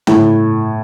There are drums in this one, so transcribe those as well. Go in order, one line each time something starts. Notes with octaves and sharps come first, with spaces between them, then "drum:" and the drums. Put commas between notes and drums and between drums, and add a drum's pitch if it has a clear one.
A2, drum: tom